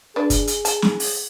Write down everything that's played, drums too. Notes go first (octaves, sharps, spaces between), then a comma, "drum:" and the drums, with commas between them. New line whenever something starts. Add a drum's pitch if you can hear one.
D4 G#4 B4
drum: kick, hi-hat
drum: hi-hat
A5, drum: hi-hat
drum: snare
drum: open hi-hat